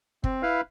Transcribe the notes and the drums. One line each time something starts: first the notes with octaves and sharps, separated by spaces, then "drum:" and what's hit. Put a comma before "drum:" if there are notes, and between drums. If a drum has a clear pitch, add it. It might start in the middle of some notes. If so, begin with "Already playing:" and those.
C4, drum: kick
E4 B4 F5